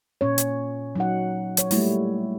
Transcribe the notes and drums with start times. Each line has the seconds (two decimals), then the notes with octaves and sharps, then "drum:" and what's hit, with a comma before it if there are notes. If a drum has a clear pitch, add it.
0.21 A#2 C#4 C#5
0.38 drum: hi-hat
0.96 F#3 D#4 F#5
1.57 F#3 C#5, drum: hi-hat
1.71 G3 A3 A#3 E4, drum: open hi-hat